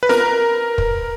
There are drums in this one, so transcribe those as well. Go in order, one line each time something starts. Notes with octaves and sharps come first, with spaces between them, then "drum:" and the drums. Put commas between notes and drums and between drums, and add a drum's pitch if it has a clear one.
B4
A#4, drum: snare F4
drum: kick